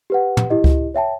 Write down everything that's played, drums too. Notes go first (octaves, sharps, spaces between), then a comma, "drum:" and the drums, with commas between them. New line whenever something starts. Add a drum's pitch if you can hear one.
G4 B4 F#5
drum: tom
E4 G4 D#5
drum: kick C#2
C#5 E5 G5 A5